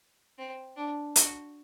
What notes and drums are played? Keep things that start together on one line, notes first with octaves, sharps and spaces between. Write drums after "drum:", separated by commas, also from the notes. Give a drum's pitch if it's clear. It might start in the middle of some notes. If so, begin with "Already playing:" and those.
C4
D4
F#4, drum: hi-hat